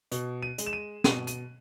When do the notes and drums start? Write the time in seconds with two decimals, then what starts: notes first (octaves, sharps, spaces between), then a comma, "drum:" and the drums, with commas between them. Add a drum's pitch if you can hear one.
0.12 B2, drum: hi-hat
0.42 D#7
0.58 G#3, drum: hi-hat
0.66 E7
0.73 D#7
1.04 B2 D#7, drum: snare
1.27 D#7, drum: hi-hat